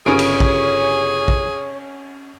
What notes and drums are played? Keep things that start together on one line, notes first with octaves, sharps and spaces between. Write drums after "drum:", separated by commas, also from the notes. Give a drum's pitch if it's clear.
G1 C#3 C#4 G#4 C#5 A#5 D7
drum: cymbal
drum: kick
drum: kick